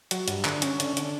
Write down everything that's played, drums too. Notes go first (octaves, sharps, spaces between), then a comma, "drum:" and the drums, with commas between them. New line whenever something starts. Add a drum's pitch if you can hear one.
F#3, drum: hi-hat
G2, drum: hi-hat
D3, drum: clap
C#4, drum: hi-hat
D3, drum: hi-hat
D3, drum: hi-hat